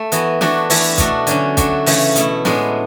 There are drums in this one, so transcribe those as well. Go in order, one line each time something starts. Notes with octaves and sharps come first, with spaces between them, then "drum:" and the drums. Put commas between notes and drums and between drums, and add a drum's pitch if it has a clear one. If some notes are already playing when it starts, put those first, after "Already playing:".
Already playing: A3
E3 B3 F#4, drum: hi-hat
E3 A3 D4 F#4, drum: snare
E3 A3 E4, drum: open hi-hat
B2 A3 D4 F#4, drum: kick, hi-hat
D3 F#3 C#4, drum: hi-hat
F#3 A3 D4 F#4, drum: kick, hi-hat
C#3 E3 A3, drum: open hi-hat
B2 A3 E4, drum: hi-hat
A2 G#3 B3 D4, drum: snare